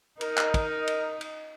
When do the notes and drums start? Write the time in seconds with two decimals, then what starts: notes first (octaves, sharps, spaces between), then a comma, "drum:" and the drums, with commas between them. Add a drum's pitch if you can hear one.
0.21 D#4 A#4 D#5, drum: cymbal
0.37 drum: clap
0.54 drum: kick, cymbal
0.87 drum: cymbal
1.21 drum: cymbal